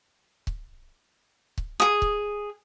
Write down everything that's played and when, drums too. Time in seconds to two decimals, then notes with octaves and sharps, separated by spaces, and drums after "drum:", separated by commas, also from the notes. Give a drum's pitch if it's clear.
0.47 drum: kick C#1
1.58 drum: kick C#1
1.80 G#4 D#6
2.02 drum: kick C#1